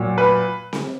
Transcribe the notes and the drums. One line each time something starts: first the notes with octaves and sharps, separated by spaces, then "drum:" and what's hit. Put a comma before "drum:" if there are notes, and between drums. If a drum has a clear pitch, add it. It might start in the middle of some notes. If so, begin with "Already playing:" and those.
Already playing: A#2 F#3
B4
drum: snare C4